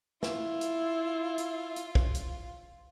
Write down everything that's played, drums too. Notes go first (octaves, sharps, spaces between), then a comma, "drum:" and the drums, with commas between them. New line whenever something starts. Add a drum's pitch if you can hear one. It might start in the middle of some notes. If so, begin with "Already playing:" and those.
E4 F4, drum: snare
drum: hi-hat
drum: hi-hat
drum: hi-hat
drum: kick
drum: hi-hat